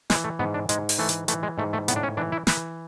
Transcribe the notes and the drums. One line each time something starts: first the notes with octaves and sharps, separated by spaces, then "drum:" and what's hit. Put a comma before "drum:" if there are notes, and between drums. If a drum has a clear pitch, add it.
E3 G#3, drum: snare
A3
G#2 B3
D4
G#2 G#3, drum: hi-hat
drum: open hi-hat
E3 A3
drum: hi-hat
E3 A3, drum: hi-hat
G#3
G#2 A3
A3
A2 B3, drum: hi-hat
D4
C#4
E3 D4
E4
E3 B4, drum: snare